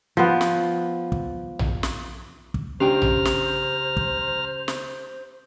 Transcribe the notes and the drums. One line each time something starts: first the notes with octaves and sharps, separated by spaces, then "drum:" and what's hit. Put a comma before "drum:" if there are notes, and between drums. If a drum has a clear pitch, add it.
F3 B3
drum: snare
drum: kick
drum: tom A#1
drum: snare
drum: kick
C#3 D4 G4 C5 G5 A#5 F6
drum: tom A#1
drum: snare
drum: kick
drum: snare